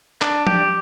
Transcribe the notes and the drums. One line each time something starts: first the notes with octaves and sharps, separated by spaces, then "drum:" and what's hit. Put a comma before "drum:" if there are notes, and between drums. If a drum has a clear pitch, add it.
D4, drum: clap
G4, drum: tom F3